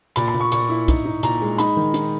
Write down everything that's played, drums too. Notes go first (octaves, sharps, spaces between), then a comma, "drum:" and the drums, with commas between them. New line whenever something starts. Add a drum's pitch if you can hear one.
A#2 B5, drum: hi-hat
B5
A#2
C#6
A#2 C#6, drum: hi-hat
E4
D#4, drum: kick, hi-hat
D#4
A#2 A#5, drum: hi-hat
G#3
D#4 B5, drum: hi-hat
D#3
D#4, drum: hi-hat